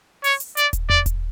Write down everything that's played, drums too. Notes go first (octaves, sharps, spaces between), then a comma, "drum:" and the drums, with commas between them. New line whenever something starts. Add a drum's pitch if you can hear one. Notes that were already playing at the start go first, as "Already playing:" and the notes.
C#5, drum: open hi-hat
drum: hi-hat
D5, drum: hi-hat
drum: kick D#1, hi-hat
D5, drum: tom E2
drum: kick D#1, hi-hat